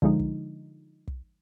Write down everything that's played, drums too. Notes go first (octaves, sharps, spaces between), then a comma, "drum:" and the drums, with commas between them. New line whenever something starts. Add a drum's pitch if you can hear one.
D3 F3 G#3 D#4, drum: kick
drum: kick
drum: kick